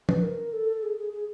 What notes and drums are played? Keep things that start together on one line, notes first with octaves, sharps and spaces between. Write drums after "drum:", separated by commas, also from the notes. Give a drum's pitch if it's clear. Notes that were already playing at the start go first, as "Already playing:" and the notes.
B4, drum: tom
A#4
A4
G#4
G#4
G#4